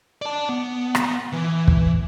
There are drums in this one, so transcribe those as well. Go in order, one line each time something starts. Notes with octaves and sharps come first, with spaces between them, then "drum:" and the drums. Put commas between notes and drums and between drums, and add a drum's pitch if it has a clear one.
D5 A5
B3
drum: rim click
E3
drum: kick